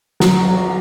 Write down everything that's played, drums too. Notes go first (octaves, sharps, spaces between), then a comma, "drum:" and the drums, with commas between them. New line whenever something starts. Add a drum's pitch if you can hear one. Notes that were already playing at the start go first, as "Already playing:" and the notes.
F#3, drum: snare
drum: cymbal